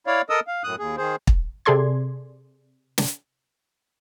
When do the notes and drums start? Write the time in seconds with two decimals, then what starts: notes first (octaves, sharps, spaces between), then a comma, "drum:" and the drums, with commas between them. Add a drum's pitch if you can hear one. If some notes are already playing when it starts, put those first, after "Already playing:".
0.07 E4 C#5 D5 F5
0.29 A4 A#4 D#5 D#6 E6
0.47 F5
0.64 F#2 A2 D#6 F#6
0.79 D#2 G#4
0.97 D#3 G#4 C5
1.27 drum: kick
1.65 C3 G#4 A4 D5 C6 G#6
2.98 drum: snare